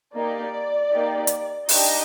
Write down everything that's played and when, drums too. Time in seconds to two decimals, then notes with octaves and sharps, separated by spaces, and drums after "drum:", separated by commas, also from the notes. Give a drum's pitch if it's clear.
0.15 A#3 D#4 G4 D5
0.92 A#3 D#4 G4
1.27 drum: hi-hat
1.69 D4 D#4 G4 D#5, drum: open hi-hat